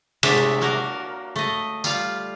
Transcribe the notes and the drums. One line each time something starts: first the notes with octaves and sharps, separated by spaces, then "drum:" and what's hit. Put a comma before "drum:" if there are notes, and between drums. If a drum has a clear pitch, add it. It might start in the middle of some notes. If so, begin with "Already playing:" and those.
C3 G#3 A3 D4 G4 E5, drum: cymbal
A#3 F#4 A#4
A3 D#5
G3 F4 F5, drum: tambourine